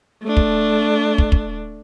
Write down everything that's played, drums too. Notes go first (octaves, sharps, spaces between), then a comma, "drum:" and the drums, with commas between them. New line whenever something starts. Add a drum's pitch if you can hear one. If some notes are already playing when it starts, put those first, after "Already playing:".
A3 D4
drum: kick
drum: kick
drum: kick